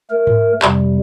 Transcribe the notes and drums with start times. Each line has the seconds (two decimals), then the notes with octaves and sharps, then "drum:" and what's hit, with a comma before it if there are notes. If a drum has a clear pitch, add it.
0.10 A3 A#4
0.27 drum: tom G#2
0.62 F2 C3 G3, drum: clap